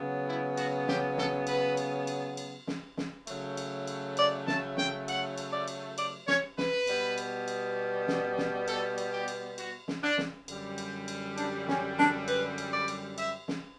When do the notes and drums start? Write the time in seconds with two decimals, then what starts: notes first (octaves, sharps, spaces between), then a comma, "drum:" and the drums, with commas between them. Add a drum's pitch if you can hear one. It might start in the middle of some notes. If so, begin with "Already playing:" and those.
Already playing: C#3 F#3 B3
0.28 E4
0.57 F#4, drum: cymbal
0.88 G4, drum: snare
1.17 A4, drum: snare
1.47 B4, drum: cymbal
1.77 drum: cymbal
2.07 drum: cymbal
2.37 drum: cymbal
2.67 drum: snare
2.97 drum: snare
3.27 C#3 F#3 A3, drum: cymbal
3.57 drum: cymbal
3.87 drum: cymbal
4.17 D5, drum: cymbal
4.47 A5, drum: snare
4.77 G5, drum: snare
5.08 F#5, drum: cymbal
5.38 drum: cymbal
5.52 D5
5.68 drum: cymbal
5.98 D5, drum: cymbal
6.28 C#5, drum: snare
6.58 B4, drum: snare
6.87 B2 G3 B3, drum: cymbal
7.18 drum: cymbal
7.48 drum: cymbal
8.08 drum: snare
8.38 drum: snare
8.68 A4, drum: cymbal
8.98 drum: cymbal
9.13 G4
9.28 drum: cymbal
9.58 F#4, drum: cymbal
9.88 drum: snare
10.03 D4
10.18 drum: snare
10.48 F#2 D3 G3, drum: cymbal
10.78 drum: cymbal
11.08 drum: cymbal
11.38 D4, drum: cymbal
11.68 C#4, drum: snare
11.99 D4, drum: snare
12.28 B4, drum: cymbal
12.58 drum: cymbal
12.73 D5
12.88 drum: cymbal
13.18 E5, drum: cymbal
13.48 drum: snare